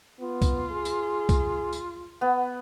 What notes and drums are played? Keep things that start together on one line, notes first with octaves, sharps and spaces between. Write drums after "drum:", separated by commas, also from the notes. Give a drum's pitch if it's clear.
B3 F4
drum: kick C2, tambourine
G#4
drum: tambourine
drum: kick C2, tambourine
drum: tambourine
B3